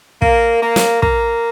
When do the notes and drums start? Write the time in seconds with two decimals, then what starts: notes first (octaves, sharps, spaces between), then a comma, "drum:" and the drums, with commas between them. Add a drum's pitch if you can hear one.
0.22 A#3, drum: kick
0.62 A#3
0.76 drum: snare
1.03 A#3, drum: kick